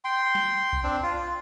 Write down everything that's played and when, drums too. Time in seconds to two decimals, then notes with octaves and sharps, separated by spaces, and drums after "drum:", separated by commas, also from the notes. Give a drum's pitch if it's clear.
0.05 G5 C6
0.35 drum: snare
0.73 drum: kick C2
0.83 C4 D4
1.03 F4